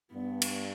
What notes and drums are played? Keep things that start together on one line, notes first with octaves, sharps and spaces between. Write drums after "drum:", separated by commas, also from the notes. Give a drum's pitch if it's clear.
G2 B3
drum: cymbal